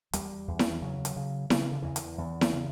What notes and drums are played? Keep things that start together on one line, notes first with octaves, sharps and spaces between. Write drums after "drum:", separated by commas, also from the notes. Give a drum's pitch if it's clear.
E2 G3, drum: hi-hat
E2
drum: snare E4
E3
C#3 F#3
drum: hi-hat
C#3
C#3 F#3, drum: snare E4
E3
D3
E2 E3
drum: hi-hat
E2
drum: snare E4
C#3